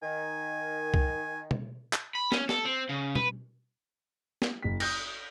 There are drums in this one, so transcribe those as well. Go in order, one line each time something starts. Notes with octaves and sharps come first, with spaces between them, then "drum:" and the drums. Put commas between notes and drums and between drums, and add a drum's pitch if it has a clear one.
D#3 G#5
drum: kick
drum: tom
drum: clap
B5
C#4, drum: snare
A4, drum: snare
C4
C#3
B4, drum: tom B2
drum: snare
F#1 B6
D#6 G6 A#6, drum: cymbal